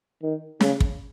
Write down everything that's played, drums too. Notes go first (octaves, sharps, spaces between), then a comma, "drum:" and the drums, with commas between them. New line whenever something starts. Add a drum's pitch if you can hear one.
D#3
C#3, drum: snare
drum: kick